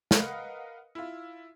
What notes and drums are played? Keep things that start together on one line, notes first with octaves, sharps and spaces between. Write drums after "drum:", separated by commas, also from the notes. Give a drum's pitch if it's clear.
A#4 B4 D#5 F5 F#5, drum: snare
E4 F4